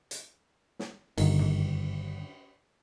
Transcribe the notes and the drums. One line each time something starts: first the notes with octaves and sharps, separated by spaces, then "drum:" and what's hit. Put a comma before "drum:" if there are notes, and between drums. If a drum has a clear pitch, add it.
drum: hi-hat
drum: snare
G1 D#3, drum: cymbal
drum: tom F#2